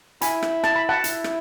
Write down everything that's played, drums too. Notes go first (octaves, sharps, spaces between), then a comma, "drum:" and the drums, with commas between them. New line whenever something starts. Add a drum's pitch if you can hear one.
E4 G#5 B5, drum: hi-hat
drum: rim click
A5, drum: rim click
B5
F#5 A5
E4, drum: hi-hat
drum: rim click